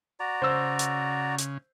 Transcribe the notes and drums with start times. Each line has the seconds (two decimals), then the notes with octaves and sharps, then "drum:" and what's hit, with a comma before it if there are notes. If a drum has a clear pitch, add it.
0.20 F#4 D5 A#5
0.42 C#3 C5 E6
0.79 drum: hi-hat
1.38 drum: hi-hat